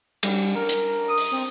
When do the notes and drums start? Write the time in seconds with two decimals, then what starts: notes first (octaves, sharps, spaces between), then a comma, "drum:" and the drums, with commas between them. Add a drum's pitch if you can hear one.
0.23 G3, drum: cymbal
0.56 A#4
0.69 drum: hi-hat
1.08 D#6
1.18 drum: open hi-hat
1.32 C4